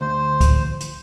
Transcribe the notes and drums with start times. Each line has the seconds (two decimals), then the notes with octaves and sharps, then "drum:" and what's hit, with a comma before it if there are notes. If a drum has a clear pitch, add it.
0.01 D2 C5
0.41 drum: kick C#2, hi-hat
0.80 drum: hi-hat